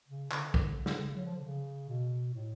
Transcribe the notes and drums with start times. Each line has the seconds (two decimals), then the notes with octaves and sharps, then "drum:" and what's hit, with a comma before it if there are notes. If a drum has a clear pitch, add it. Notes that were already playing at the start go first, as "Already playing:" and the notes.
0.09 C#3
0.31 D3, drum: clap
0.54 D3, drum: kick
0.77 C#3
0.86 drum: snare
0.99 C#3
1.16 F#3
1.26 F3
1.35 D3
1.44 C#3
1.89 B2
2.34 A2